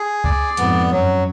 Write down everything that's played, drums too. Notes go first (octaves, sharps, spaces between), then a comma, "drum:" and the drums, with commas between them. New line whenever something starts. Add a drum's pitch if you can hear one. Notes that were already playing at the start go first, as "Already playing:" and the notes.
Already playing: G#4
D5, drum: kick C#2
F2 G#2 B3, drum: hi-hat
F#2 F#3